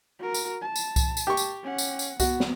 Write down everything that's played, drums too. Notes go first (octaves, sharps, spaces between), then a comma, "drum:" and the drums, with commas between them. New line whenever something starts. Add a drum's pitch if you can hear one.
F#4 A#4
drum: tambourine
A5
drum: tambourine
drum: kick C2, tambourine
drum: tambourine
G4 C#6
drum: tambourine
C#4 F#5
drum: tambourine
drum: tambourine
B3 F#4, drum: kick C2, tambourine
drum: snare